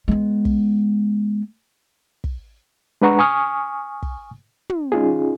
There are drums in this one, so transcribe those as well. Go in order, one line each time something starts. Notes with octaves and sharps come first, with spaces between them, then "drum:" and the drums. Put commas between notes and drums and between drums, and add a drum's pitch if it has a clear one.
G#3 B3
drum: kick
drum: kick
G#3 D4 B4 F#5 A#5 C#6
G#5 C#6 D#6 F6
drum: kick
drum: tom
C#4 D#4 F4 G#4